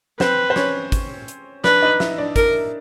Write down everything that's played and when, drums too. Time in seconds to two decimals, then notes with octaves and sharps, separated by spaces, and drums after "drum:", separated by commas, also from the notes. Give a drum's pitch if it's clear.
0.20 C4 B4 C5, drum: snare
0.50 C5
0.56 C#4 C#5, drum: snare
0.92 drum: kick, hi-hat
1.28 drum: hi-hat
1.64 D4 B4 D5, drum: snare
1.82 D#4 D#5
2.00 E4 E5, drum: snare
2.18 D4 D5
2.36 A#4, drum: kick, hi-hat